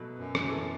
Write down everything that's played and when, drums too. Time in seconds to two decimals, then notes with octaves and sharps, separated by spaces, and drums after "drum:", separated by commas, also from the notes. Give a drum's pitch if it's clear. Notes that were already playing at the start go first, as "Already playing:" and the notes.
Already playing: B2 F#3 A3 F#4 B4
0.18 F#2
0.35 drum: rim click
0.48 E3 B3 A4 C#5